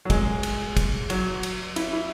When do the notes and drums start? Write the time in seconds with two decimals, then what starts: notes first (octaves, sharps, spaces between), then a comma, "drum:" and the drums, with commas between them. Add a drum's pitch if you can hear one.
0.05 F#3
0.10 G#3, drum: kick, cymbal
0.43 drum: cymbal
0.77 drum: kick, cymbal
1.10 F#3, drum: cymbal
1.43 drum: cymbal
1.76 E4, drum: cymbal
1.93 E4